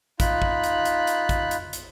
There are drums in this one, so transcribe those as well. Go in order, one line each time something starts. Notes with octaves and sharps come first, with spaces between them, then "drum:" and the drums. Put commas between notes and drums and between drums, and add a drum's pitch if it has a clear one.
D#4 F4 B5 F#6, drum: kick, hi-hat
drum: kick
drum: hi-hat
drum: hi-hat
drum: hi-hat
drum: kick, hi-hat
drum: hi-hat
drum: hi-hat